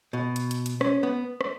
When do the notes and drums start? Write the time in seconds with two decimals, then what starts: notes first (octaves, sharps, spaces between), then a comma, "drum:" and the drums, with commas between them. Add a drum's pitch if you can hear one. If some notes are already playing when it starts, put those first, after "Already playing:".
0.13 B2
0.36 drum: hi-hat
0.51 drum: hi-hat
0.66 drum: hi-hat
0.81 C#4, drum: rim click
1.03 B3
1.41 drum: rim click